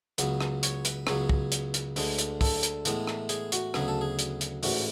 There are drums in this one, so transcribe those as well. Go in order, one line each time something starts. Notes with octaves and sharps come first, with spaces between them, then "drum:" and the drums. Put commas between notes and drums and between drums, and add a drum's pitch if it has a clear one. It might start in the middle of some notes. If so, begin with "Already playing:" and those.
C#2 C#3 F#3 B3, drum: hi-hat
drum: rim click
C#5, drum: hi-hat
B4, drum: hi-hat
C#2 C#3 F#3 B3 C#5, drum: rim click
drum: kick
drum: hi-hat
drum: hi-hat
D2 D3 G#3 B4, drum: open hi-hat
drum: hi-hat
A4, drum: kick, open hi-hat
drum: hi-hat
A2 E3 G#3 B3, drum: hi-hat
drum: rim click
G#4, drum: hi-hat
F#4, drum: hi-hat
D2 C#3 F#3 B3 G#4, drum: rim click
A4
G#4
drum: hi-hat
drum: hi-hat
A1 G#2 E3 F#4, drum: open hi-hat